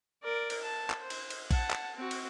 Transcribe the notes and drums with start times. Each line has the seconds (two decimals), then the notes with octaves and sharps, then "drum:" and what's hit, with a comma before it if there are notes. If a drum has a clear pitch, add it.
0.23 A#4 D5
0.50 drum: cymbal
0.63 A5
0.90 drum: clap
0.99 C5
1.10 drum: cymbal
1.30 drum: cymbal
1.51 F#5 A5, drum: kick A#1, cymbal
1.71 drum: clap
1.96 C4 F#4
2.11 drum: cymbal